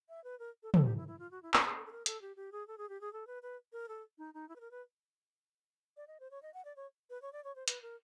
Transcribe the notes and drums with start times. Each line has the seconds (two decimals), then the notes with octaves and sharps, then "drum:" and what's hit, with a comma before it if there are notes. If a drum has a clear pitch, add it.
0.09 E5
0.24 B4
0.39 A#4
0.63 A4
0.74 A4, drum: tom
0.86 G4
0.97 E4
1.08 E4
1.19 F4
1.31 F#4
1.43 E4
1.54 F4, drum: clap
1.65 G#4
1.76 A4
1.86 A4
1.92 A#4
2.06 A4, drum: hi-hat
2.22 G4
2.36 G4
2.52 G#4
2.68 A4
2.78 G#4
2.89 G4
3.01 G#4
3.13 A4
3.27 B4
3.43 B4
3.73 A#4
3.89 A4
4.18 D#4
4.34 D#4
4.49 E4
4.56 B4
4.60 A#4
4.71 B4
5.97 D5
6.08 D#5
6.20 C5
6.31 C#5
6.42 D#5
6.54 F#5
6.65 D5
6.76 C#5
7.10 B4
7.22 C#5
7.33 D5
7.44 C#5
7.56 C5
7.68 B4, drum: hi-hat
7.82 A#4